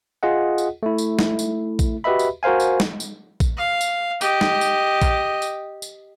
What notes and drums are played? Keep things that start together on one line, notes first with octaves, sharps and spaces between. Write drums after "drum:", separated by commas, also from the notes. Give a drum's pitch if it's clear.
F4 G#4 D#5 F#5
drum: tambourine
A3 E4
drum: tambourine
drum: snare
drum: tambourine
drum: kick A#1, tambourine
F#4 G4 B4 D#5 E5 B5
drum: tambourine
F#4 A#4 C5 F5 G#5
drum: tambourine
drum: snare
drum: tambourine
drum: kick A#1, tambourine
F5
drum: tambourine
G4 D#5, drum: tambourine
drum: snare
drum: tambourine
drum: kick A#1, tambourine
drum: tambourine
drum: tambourine